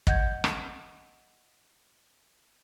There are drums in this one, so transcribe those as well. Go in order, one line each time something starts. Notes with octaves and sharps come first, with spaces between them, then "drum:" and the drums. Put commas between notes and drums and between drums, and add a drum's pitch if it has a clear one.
D#5 F#5 G6 G#6, drum: kick
drum: rim click